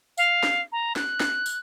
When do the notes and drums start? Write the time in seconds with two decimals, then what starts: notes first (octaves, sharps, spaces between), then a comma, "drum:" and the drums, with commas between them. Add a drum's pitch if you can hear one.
0.18 F5, drum: tambourine
0.43 drum: snare
0.72 A#5
0.96 F#6, drum: snare
1.20 drum: snare
1.46 drum: tambourine